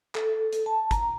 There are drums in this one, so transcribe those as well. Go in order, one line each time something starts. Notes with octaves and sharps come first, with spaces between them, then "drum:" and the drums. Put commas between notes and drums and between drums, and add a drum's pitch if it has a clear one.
A4, drum: clap
drum: hi-hat
A5
A#5, drum: kick G1, hi-hat